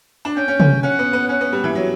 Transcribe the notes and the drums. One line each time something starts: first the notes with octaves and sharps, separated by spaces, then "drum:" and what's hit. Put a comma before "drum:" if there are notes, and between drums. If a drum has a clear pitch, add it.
D4
C#4 G5
C#4
C#4, drum: tom
C#4 F#5
B3
B3
C#4 F#5
B3
G3
E3
F#3